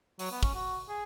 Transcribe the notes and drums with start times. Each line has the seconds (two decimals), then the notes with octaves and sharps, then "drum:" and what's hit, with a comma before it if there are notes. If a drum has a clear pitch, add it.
0.19 F#3, drum: open hi-hat
0.31 B3
0.43 C#4, drum: kick
0.54 F#4
0.89 G#4